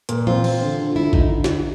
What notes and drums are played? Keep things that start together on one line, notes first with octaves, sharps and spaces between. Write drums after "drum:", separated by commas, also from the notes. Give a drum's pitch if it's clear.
A#2, drum: hi-hat
C4 F4, drum: tom E3
C4, drum: cymbal
D3
D3
D3 E4
D3 D#4, drum: kick
drum: snare